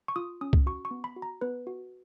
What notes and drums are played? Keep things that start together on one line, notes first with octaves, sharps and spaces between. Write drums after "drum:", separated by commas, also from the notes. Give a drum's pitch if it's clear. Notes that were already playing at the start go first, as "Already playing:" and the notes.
C#6
F4 D#6
C#4 D#6
drum: kick C2
F#4 C#6
C#6
B3
B5
F#4
A#5
B3 B4
F#4